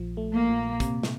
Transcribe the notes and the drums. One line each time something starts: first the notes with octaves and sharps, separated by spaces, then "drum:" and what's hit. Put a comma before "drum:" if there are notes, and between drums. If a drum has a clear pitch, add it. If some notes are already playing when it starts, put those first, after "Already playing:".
Already playing: A#1 F3
A3
A#3
A#2
C3, drum: kick, hi-hat
drum: snare